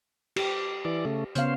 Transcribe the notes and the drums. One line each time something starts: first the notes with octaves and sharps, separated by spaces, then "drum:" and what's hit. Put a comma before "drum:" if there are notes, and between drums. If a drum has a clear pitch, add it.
G4, drum: cymbal
E3 D5
C#3 A3
C#3 B3 C#4 C5 F5, drum: hi-hat